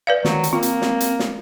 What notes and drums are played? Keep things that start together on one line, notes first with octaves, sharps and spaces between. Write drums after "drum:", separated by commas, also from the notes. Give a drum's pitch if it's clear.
B4 D5 F5
D#3 F#3, drum: snare
drum: hi-hat
A#3 C4 F4
drum: hi-hat
drum: snare
drum: hi-hat
drum: snare